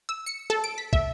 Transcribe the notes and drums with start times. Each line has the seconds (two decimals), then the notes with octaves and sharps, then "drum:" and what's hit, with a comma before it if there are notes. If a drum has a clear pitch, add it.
0.09 E6
0.26 C#7
0.50 A4
0.64 D7
0.78 B6
0.93 E5, drum: kick